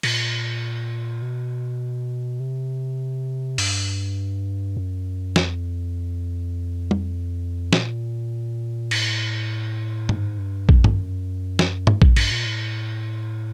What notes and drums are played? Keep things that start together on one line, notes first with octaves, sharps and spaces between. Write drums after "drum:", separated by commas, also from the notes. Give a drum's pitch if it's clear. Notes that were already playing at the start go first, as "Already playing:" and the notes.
A#2, drum: cymbal
B2
C3
G2, drum: open hi-hat
F#2
F2, drum: snare
drum: tom
A#2, drum: snare
A2, drum: cymbal
G#2, drum: tom G2
G2
F#2, drum: kick
drum: tom G2
drum: snare
G#2, drum: tom
G2, drum: kick
G2, drum: cymbal
A#2
A2